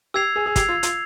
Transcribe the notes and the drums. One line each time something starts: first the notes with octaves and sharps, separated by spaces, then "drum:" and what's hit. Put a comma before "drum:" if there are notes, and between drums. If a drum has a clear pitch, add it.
G4 E6 G#6 C7 F7
G#4
G#4
G4 E6 G#6 C7 F7, drum: kick, hi-hat
F4
F4, drum: hi-hat